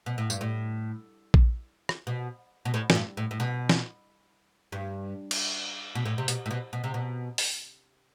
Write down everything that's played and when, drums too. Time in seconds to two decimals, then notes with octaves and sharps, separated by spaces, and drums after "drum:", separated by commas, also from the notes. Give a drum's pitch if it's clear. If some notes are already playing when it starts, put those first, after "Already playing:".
0.06 B2
0.18 A2
0.30 G2, drum: tambourine
0.41 A2
1.34 drum: kick A#1
1.89 drum: rim click
2.07 B2
2.65 B2
2.74 A2
2.90 A2, drum: snare
2.95 G2
3.17 A2
3.31 A2
3.40 B2
3.69 drum: snare
4.72 G2
5.31 drum: cymbal
5.95 B2
6.06 A2
6.18 C3
6.28 B2, drum: hi-hat
6.46 A2
6.51 B2
6.73 B2
6.84 C3
6.94 B2
7.38 drum: open hi-hat